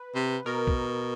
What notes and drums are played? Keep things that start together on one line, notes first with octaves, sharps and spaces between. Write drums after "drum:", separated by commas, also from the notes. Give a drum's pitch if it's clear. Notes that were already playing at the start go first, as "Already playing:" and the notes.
Already playing: B4
C3
B2 A#4
drum: kick A#1